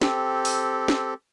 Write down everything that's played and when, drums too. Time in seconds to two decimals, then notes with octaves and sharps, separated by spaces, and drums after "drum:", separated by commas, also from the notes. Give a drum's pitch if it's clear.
0.01 C4 G4 A4, drum: snare
0.45 drum: open hi-hat
0.88 drum: snare